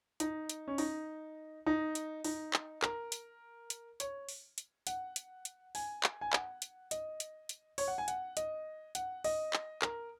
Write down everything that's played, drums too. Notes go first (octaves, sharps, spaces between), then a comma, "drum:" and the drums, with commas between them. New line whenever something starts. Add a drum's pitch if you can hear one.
D#4, drum: hi-hat
drum: hi-hat
C#4
D#4, drum: open hi-hat
D#4
drum: hi-hat
D#4, drum: open hi-hat
drum: clap
A#4, drum: clap
drum: hi-hat
drum: hi-hat
C#5, drum: hi-hat
drum: open hi-hat
drum: hi-hat
F#5, drum: hi-hat
drum: hi-hat
drum: hi-hat
G#5, drum: open hi-hat
drum: clap
G#5
F#5, drum: clap
drum: hi-hat
D#5, drum: hi-hat
drum: hi-hat
drum: hi-hat
C#5, drum: open hi-hat
F#5
G#5
F#5, drum: hi-hat
D#5, drum: hi-hat
F#5, drum: hi-hat
D#5, drum: open hi-hat
drum: clap
A#4, drum: clap